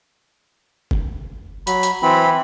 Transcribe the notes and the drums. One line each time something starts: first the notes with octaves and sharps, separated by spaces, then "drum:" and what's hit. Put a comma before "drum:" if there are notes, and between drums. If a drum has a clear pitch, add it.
drum: kick F1
F#3 B5, drum: hi-hat
drum: hi-hat
E3 C4 B5